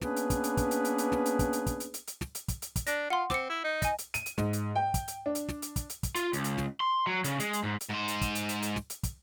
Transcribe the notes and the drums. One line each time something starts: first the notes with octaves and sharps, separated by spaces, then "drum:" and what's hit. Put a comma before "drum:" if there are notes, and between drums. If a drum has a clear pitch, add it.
A#3 B3 C#4 D4 G#4 B4, drum: snare
drum: hi-hat
drum: kick, hi-hat
drum: hi-hat
drum: kick, hi-hat
drum: hi-hat
drum: hi-hat
drum: hi-hat
drum: snare
drum: hi-hat
drum: kick, hi-hat
drum: hi-hat
drum: kick, hi-hat
drum: hi-hat
drum: hi-hat
drum: hi-hat
drum: snare
drum: hi-hat
drum: kick, hi-hat
drum: hi-hat
drum: kick, hi-hat
D4 A#6, drum: hi-hat
F4 F#5 C6
C4 D6 C#7, drum: snare
E4
D#4
D#5 G#5, drum: kick, hi-hat
drum: hi-hat
D#7, drum: hi-hat
drum: hi-hat
G#2, drum: snare
drum: hi-hat
G5
drum: kick, hi-hat
drum: hi-hat
D4
drum: hi-hat
drum: snare
drum: hi-hat
drum: kick, hi-hat
drum: hi-hat
drum: kick, hi-hat
F4, drum: hi-hat
C#2, drum: hi-hat
drum: hi-hat
drum: snare
C6
F#3
C#3, drum: hi-hat
G#3, drum: hi-hat
drum: hi-hat
G#2
drum: hi-hat
G#2 C5
drum: hi-hat
drum: kick, hi-hat
drum: hi-hat
drum: hi-hat
drum: hi-hat
drum: snare
drum: hi-hat
drum: kick, hi-hat